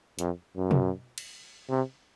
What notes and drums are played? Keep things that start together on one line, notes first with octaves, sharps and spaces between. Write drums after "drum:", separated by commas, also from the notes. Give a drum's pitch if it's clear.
F2, drum: hi-hat
F#2
drum: tom B2
drum: cymbal
C3